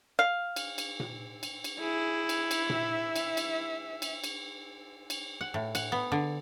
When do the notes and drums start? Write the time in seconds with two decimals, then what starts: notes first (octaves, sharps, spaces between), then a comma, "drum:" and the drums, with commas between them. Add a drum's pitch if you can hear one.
0.19 F5
0.56 drum: cymbal
0.78 drum: cymbal
1.00 drum: tom A#2
1.43 drum: cymbal
1.64 drum: cymbal
1.80 E4 G#4
2.29 drum: cymbal
2.51 drum: cymbal
2.70 E5, drum: tom A#2
3.16 drum: cymbal
3.37 drum: cymbal
4.02 drum: cymbal
4.24 drum: cymbal
5.10 drum: cymbal
5.41 F#5
5.54 A2
5.75 F#5, drum: cymbal
5.92 B3
6.12 D3